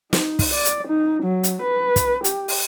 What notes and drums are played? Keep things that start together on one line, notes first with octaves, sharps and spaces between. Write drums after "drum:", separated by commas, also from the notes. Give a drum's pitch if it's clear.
D#4, drum: snare
drum: kick, open hi-hat
D5
drum: hi-hat
D#4
F#3
drum: hi-hat
B4
drum: kick, hi-hat
G4, drum: hi-hat
drum: open hi-hat